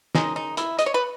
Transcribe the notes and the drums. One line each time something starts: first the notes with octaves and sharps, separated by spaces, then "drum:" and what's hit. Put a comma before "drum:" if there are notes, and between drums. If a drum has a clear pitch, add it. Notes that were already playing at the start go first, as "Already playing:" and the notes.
D#3 G#3 C#4 D#4, drum: snare
D#4
E4, drum: hi-hat
D#5, drum: hi-hat
C#5
B4